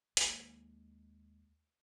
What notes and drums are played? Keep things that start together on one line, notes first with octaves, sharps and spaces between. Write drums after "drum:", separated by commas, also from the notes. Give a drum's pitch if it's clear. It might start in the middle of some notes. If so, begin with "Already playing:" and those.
D#2 G#3, drum: hi-hat